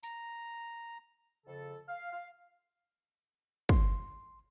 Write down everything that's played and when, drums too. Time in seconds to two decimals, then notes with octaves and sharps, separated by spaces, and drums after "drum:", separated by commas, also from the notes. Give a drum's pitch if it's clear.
0.03 A#5, drum: tambourine
1.46 F2 C#3 A4
1.89 F5
2.12 F5
3.69 C6, drum: kick